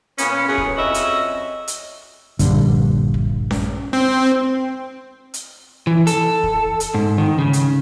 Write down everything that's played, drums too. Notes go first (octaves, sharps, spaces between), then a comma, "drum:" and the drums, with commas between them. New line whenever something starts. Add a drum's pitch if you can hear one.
A#2 B3 C#4, drum: hi-hat
F#2 A2 B3 G#4 C#5
drum: kick
F2 C#4 F#4 D#5 E5
drum: hi-hat
drum: hi-hat
A#1 G2 D3, drum: hi-hat
drum: kick
drum: snare C#4
C4
drum: hi-hat
E3
A4, drum: hi-hat
drum: kick
drum: hi-hat
G#2
D#3
C#3
drum: hi-hat